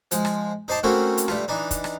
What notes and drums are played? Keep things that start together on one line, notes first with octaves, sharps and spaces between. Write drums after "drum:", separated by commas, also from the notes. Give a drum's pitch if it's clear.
F3 G#3, drum: hi-hat
drum: rim click
D#4 C5 D5 A5 C6
A3 A#3 C4 C#4 E4 F#4
drum: hi-hat
G2 A3 F4, drum: rim click
E3 D4 D#4
drum: kick, hi-hat
drum: rim click